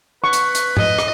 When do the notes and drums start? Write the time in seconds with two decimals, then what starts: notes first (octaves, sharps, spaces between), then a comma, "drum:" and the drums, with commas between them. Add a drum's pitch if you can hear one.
0.24 B4 C#6
0.33 drum: hi-hat
0.55 drum: hi-hat
0.77 D#5, drum: tom G#2
0.98 drum: rim click